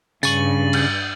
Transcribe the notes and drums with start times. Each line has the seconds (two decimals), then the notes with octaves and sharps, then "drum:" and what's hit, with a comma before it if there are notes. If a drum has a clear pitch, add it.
0.23 G2 C#3 C#6 A6 D#7 F#7, drum: tambourine
0.73 drum: cymbal